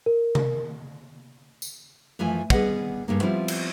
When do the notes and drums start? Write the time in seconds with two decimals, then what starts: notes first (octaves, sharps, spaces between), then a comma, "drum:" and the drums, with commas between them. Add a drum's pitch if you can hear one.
0.06 A#4
0.35 drum: tom C3
1.62 drum: tambourine
2.19 F#2 E3 F3 A3 G#5
2.50 G3 B3 G#4 B4 D#5 F#5, drum: kick
3.08 G2 C#3 A#3
3.22 F3 G3 B3 C4 E4 F4
3.48 drum: cymbal